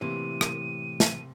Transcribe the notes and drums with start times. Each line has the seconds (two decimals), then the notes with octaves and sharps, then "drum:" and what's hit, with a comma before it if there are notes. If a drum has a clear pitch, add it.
0.01 A2 C3 E3 A#3 D#7
0.41 drum: rim click
1.00 drum: snare